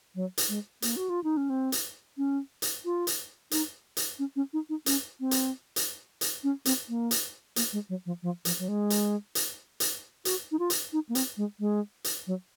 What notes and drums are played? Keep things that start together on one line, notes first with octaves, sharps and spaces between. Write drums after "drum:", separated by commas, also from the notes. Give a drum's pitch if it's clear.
F#3
drum: hi-hat
G#3
A#3, drum: hi-hat
F#4
F4
D#4
C#4
C4
drum: hi-hat
C#4
drum: hi-hat
F4
drum: hi-hat
D#4, drum: hi-hat
drum: hi-hat
C#4
C#4
D#4
D#4
C#4, drum: hi-hat
C4
drum: hi-hat
drum: hi-hat
drum: hi-hat
C#4
C4, drum: hi-hat
A#3
drum: hi-hat
A#3, drum: hi-hat
G#3
F#3
F3
F3
F3, drum: hi-hat
F#3
G#3
drum: hi-hat
drum: hi-hat
drum: hi-hat
F#4, drum: hi-hat
D#4
F4
drum: hi-hat
D#4
A#3
C4, drum: hi-hat
G#3
G#3
drum: hi-hat
F#3